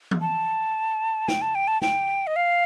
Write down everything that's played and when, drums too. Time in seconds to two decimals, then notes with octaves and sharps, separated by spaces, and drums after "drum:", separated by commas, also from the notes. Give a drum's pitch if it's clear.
0.11 drum: tom E3
0.21 A5
1.28 G5, drum: snare
1.42 A5
1.55 G5
1.68 A5
1.82 G5, drum: snare
2.27 D#5
2.36 F5